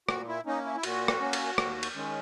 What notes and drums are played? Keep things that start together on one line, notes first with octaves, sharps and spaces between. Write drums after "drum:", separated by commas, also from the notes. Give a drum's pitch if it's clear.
A#2 F#4, drum: rim click
E4
A#3 C#4 D#4
E4
E4
A#2 F#4, drum: cymbal
drum: rim click
A#3 C#4
drum: cymbal
D#2, drum: rim click
drum: cymbal
D#3 G#3 C#4